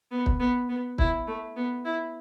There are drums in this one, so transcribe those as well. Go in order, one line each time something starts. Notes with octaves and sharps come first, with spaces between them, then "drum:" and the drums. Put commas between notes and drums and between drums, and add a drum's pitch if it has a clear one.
B3
drum: kick
B3
B3
E4, drum: kick
A3
B3
E4